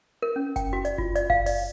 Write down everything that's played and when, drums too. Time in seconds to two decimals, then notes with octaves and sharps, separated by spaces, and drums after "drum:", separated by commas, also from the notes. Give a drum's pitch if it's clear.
0.22 A#4
0.36 C#4
0.56 G5, drum: kick F#1, hi-hat
0.73 F#4
0.85 D5, drum: hi-hat
0.98 F4, drum: kick F#1
1.15 D5, drum: hi-hat
1.30 F5, drum: kick F#1
1.46 D5, drum: open hi-hat